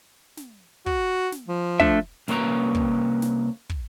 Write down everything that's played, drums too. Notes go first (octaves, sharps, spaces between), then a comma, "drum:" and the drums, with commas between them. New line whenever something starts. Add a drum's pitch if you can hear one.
drum: snare
F#4, drum: kick
drum: snare
F3
A3 D4 E5, drum: kick
C2 A#3 C#4 B4 A#5, drum: snare
drum: kick
drum: snare
drum: kick